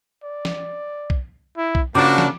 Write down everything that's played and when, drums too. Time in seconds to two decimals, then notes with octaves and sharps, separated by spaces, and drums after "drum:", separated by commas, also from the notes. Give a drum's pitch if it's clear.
0.23 D5
0.45 drum: snare
1.10 drum: kick B1
1.57 E4
1.75 drum: kick B1
1.95 C#3 F3 A#3 D4 F#4 D6
2.18 drum: snare